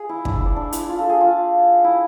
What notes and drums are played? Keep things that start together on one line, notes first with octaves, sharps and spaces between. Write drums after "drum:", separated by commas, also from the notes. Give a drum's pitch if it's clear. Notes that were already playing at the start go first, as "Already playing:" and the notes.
Already playing: G#4
E4
D4, drum: kick
E4
D4
D4
E4, drum: hi-hat
F4
A4
G#4
F4
E4